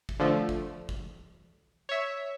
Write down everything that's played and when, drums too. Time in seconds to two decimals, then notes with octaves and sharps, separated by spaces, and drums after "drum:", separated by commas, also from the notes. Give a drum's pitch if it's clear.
0.09 drum: kick
0.19 D3 F3 A3
0.49 drum: kick
0.89 drum: kick
1.89 C#5 E5